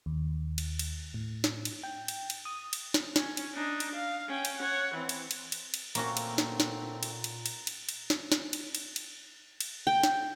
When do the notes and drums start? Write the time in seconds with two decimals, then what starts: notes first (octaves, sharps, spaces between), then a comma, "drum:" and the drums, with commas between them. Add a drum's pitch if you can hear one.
0.06 D#2
0.58 drum: cymbal
0.79 drum: cymbal
1.14 A2
1.44 drum: snare
1.65 drum: cymbal
1.83 G5
2.08 drum: cymbal
2.30 drum: cymbal
2.45 D#6
2.73 drum: cymbal
2.94 drum: snare
3.16 C#4, drum: snare
3.37 drum: cymbal
3.54 D4 D#4
3.80 drum: cymbal
3.95 F5
4.29 C#4 G5
4.45 drum: cymbal
4.60 C#5 F#5
4.94 E3 C4
5.09 drum: cymbal
5.31 drum: cymbal
5.52 drum: cymbal
5.74 drum: cymbal
5.95 A#2 D3 A3 A#3 C4 C#4 F#4 A#5, drum: cymbal
6.17 drum: cymbal
6.38 drum: snare
6.60 drum: snare
7.03 drum: cymbal
7.24 drum: cymbal
7.46 drum: cymbal
7.67 drum: cymbal
7.89 drum: cymbal
8.10 drum: snare
8.32 drum: snare
8.53 drum: cymbal
8.75 drum: cymbal
8.96 drum: cymbal
9.61 drum: cymbal
9.87 G5
10.03 drum: snare